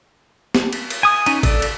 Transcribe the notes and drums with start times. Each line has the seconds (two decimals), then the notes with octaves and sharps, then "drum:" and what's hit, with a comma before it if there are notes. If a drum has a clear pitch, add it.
0.55 drum: snare
0.73 drum: cymbal
0.90 drum: cymbal
1.03 G#5 D#6
1.26 C#4 D#4 G#5, drum: cymbal
1.43 A4 D5, drum: kick G#1, cymbal
1.62 drum: cymbal